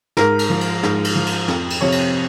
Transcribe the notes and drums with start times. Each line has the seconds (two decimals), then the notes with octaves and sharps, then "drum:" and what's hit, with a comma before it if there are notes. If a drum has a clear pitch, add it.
0.17 G#2 A#4, drum: snare
0.39 drum: cymbal
0.50 F3
0.61 drum: cymbal
0.83 G#2, drum: snare
1.05 drum: cymbal
1.15 F3
1.26 drum: cymbal
1.48 F2, drum: snare
1.70 drum: cymbal
1.81 C3 F3 C#5
1.92 drum: cymbal